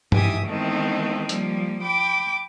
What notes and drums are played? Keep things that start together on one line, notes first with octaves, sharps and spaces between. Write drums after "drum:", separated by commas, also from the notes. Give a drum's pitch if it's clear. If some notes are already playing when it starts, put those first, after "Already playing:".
G#2 E3 G4 E5 G#5 D#6, drum: tom G2
D#3 E3 G#3 A3 B3 C4
F3 G3 A#3, drum: hi-hat
G5 B5 D6